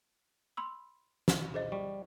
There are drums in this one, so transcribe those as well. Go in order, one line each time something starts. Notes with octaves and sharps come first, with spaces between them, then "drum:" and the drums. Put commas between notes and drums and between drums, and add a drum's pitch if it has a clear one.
B5 C6 E6
drum: snare
G#4 C5 D#5
G3 C#6